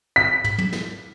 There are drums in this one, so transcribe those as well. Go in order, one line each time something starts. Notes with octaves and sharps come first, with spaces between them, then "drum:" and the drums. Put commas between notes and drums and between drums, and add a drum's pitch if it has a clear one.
B6
drum: tom
drum: tom
drum: snare